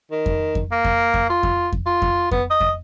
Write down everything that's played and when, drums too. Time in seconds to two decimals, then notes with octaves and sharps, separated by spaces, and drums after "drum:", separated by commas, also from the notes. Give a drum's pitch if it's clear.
0.11 D#3
0.26 drum: kick F2
0.55 drum: kick F2
0.72 A#3
0.85 drum: kick F2
1.14 drum: kick F2
1.30 F4
1.43 drum: kick F2
1.72 drum: kick F2
1.86 F4
2.02 drum: kick F2
2.31 B3, drum: kick F2
2.50 D#5
2.60 drum: kick F2